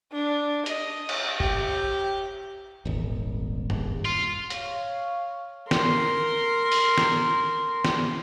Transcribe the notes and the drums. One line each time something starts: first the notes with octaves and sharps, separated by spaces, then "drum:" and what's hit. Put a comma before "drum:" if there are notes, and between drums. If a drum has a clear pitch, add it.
D4
D#5, drum: hi-hat
drum: cymbal
G4, drum: kick
D#1 G#1
drum: tom F#2
F4
C#5 F5, drum: hi-hat
A#4 C6, drum: snare
drum: open hi-hat
drum: snare
drum: snare